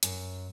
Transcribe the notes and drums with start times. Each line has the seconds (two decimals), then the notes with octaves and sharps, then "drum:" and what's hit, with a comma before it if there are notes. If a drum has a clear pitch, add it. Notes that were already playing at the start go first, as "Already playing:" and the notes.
0.03 F#2, drum: hi-hat